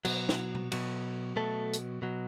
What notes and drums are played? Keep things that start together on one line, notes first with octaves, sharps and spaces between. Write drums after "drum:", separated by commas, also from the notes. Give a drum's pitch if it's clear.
B2 F#3, drum: cymbal
drum: snare
drum: tom B2
B2 F#3, drum: cymbal
B2 F#3 A3 A4
drum: hi-hat
B2 F#3